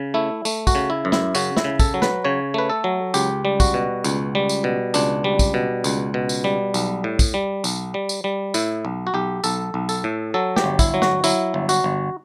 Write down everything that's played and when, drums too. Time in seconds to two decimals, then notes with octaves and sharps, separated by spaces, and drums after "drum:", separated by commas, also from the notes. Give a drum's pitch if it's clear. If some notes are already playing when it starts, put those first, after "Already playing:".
Already playing: C#3
0.14 A3 E4
0.45 A3, drum: tambourine
0.67 F#4, drum: kick, tambourine
0.75 C#3
0.90 E4
1.05 F#2
1.12 E4, drum: snare
1.35 C#3 F#4, drum: tambourine
1.57 E4, drum: snare
1.64 C#3
1.79 A4, drum: kick, tambourine
1.94 F#3
2.02 B4, drum: snare
2.24 C#3 C#5
2.54 A3 B4
2.70 A4
2.84 F#3
3.14 C#2 G4, drum: tambourine
3.45 G3
3.60 F#4, drum: kick, tambourine
3.74 B2
4.04 C#2, drum: tambourine
4.35 G3
4.49 drum: tambourine
4.64 B2
4.94 C#2 D4, drum: tambourine
5.24 G3
5.39 drum: kick, tambourine
5.54 B2
5.84 C#2, drum: tambourine
6.14 B2
6.29 drum: tambourine
6.44 G3
6.74 B1, drum: tambourine
7.04 A2
7.19 drum: kick, tambourine
7.34 G3
7.64 B1, drum: tambourine
7.94 G3
8.09 drum: tambourine
8.24 G3
8.54 A2 E4, drum: tambourine
8.85 B1
9.07 F#4
9.14 B1 G4
9.44 B1 A4, drum: tambourine
9.74 B1
9.89 A4, drum: tambourine
10.04 A2
10.34 F#3 A4
10.56 G4, drum: snare
10.64 G1
10.79 E4, drum: kick, tambourine
10.94 F#3
11.02 F#4, drum: snare
11.24 F#3 E4, drum: tambourine
11.54 G1
11.69 F#4, drum: tambourine
11.84 G1